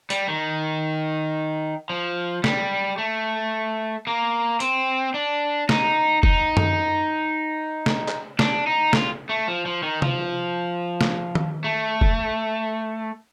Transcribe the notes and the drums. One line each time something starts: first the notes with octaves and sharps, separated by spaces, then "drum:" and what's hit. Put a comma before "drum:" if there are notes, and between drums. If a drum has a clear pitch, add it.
G3, drum: hi-hat
D#3
F3
G3, drum: snare
A3
A#3
C4, drum: hi-hat
D4
D#4, drum: snare
D#4, drum: kick
drum: tom F#2
drum: snare
drum: clap
D4, drum: snare
D#4
F4, drum: snare
A3
F3
F3
D#3
F3, drum: tom C3
drum: snare
drum: tom D#3
A3
drum: kick